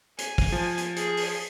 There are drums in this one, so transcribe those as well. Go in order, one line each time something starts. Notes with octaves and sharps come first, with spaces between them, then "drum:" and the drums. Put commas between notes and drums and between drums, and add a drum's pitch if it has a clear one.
G#5, drum: hi-hat
drum: kick, open hi-hat
F3
drum: hi-hat
G#4, drum: hi-hat
drum: open hi-hat